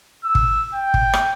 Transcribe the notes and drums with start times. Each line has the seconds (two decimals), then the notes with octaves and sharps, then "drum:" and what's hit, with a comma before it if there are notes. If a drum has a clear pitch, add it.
0.24 E6
0.35 drum: kick G#1
0.74 G5
0.94 drum: kick G#1
1.13 drum: rim click